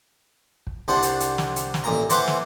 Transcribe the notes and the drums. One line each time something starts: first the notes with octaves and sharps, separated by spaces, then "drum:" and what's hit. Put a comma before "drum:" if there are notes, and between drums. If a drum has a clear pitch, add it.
drum: kick
C2 D4 C5 F#5
drum: hi-hat
drum: hi-hat
drum: snare
drum: hi-hat
drum: snare
A1 A#2 A#5
E3 C5 F#5 D6, drum: hi-hat
drum: snare